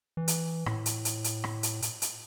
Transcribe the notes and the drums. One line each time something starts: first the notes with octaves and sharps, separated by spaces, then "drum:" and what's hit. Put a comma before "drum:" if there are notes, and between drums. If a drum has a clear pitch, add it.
E3
drum: hi-hat
A2, drum: rim click
drum: hi-hat
drum: hi-hat
drum: hi-hat
drum: rim click
drum: hi-hat
drum: hi-hat
drum: hi-hat